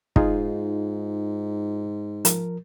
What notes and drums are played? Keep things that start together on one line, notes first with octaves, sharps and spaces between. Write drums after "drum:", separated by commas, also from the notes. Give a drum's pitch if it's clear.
G#2 D#4 F4 G#4, drum: kick
F3 A#4, drum: hi-hat